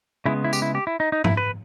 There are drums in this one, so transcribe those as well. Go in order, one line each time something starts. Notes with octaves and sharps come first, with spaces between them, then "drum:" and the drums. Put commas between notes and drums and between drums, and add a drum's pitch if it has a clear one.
C#3 G#3 B3 E4
E4
G4, drum: tambourine
E4
G4
E4
D#4
D#4
E4, drum: tom G#2
B4